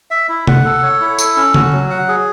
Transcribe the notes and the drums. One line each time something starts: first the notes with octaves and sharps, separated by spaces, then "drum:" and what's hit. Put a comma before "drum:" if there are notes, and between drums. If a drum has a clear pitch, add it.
E5
E4
F#5, drum: tom C3
A4
C#5
E4
A4, drum: tambourine
C#4
F#4, drum: tom C#3
F#3
F#5
G#4